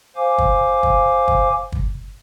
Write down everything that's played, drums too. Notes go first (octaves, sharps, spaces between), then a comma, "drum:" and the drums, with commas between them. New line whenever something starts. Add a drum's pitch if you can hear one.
C5 F5 G#5 D6
drum: kick
drum: kick
drum: kick
drum: kick